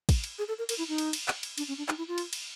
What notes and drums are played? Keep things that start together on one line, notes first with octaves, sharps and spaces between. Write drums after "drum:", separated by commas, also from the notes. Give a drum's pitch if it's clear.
drum: kick, cymbal
drum: cymbal
G#4
A4
A#4
A#4, drum: cymbal
E4
D#4
drum: cymbal
drum: cymbal
drum: clap
drum: cymbal
D4, drum: cymbal
C#4
D4
D#4, drum: clap
E4
F4
drum: cymbal
drum: cymbal